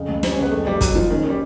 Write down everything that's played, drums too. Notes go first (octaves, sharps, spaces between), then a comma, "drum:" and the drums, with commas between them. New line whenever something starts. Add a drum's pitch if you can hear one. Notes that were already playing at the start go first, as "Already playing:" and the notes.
Already playing: F2 C#3
C#2
G3 C4, drum: snare
C#4
C#2 B3
F2 A3
F#1 G3
F#1 F#3, drum: kick, hi-hat
F#1 F3
D#3 C#4
G3 C#4